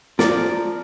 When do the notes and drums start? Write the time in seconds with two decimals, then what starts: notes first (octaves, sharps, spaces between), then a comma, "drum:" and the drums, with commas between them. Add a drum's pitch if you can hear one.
0.19 F3 D5 A#5, drum: snare